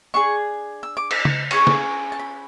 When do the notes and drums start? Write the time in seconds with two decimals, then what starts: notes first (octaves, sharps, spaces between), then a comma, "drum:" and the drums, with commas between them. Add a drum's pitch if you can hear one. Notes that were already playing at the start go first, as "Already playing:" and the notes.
0.14 D4 G#4 C#6
0.83 E6
0.97 D6
1.11 E6, drum: cymbal
1.25 drum: tom C#3
1.51 C#4 G#4 C#6, drum: cymbal
1.67 drum: snare
2.12 A5
2.19 B5